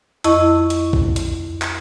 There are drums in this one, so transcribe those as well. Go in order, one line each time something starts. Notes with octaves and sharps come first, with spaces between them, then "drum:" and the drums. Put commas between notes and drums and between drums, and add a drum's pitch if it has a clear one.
F2 E4 D#5 C#6, drum: hi-hat
drum: hi-hat
drum: kick B1
drum: hi-hat
drum: clap